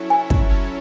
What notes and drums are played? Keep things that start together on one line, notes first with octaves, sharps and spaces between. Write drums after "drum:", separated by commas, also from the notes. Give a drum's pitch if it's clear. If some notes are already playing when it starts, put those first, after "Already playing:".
Already playing: F#3 C#4 E4 A4 C#5
G#5
drum: kick
F#3 C#4 E4 A4 C#5